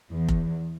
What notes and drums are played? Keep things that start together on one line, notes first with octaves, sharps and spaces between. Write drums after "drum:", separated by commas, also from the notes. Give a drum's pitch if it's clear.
E2
drum: kick F1